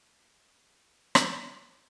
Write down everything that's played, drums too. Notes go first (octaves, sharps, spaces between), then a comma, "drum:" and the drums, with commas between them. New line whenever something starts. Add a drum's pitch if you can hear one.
G6 C7 F7
drum: rim click